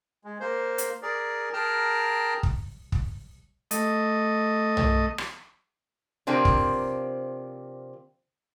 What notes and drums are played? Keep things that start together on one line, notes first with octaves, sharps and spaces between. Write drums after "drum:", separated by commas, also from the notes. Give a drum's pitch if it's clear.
G#3
A#3 C5
drum: hi-hat
G#4 A#4 D5
G#4 A#4 G5 A5 A#5 F6
drum: kick
drum: kick
A3 D#5, drum: hi-hat
drum: tom B1
drum: rim click
C3 F3 A#3 C4 D4
drum: kick